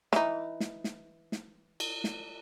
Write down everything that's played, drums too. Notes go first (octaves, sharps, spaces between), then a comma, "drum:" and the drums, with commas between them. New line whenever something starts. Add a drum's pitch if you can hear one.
E3 D#4, drum: snare
drum: snare
drum: snare
drum: snare
drum: cymbal
drum: snare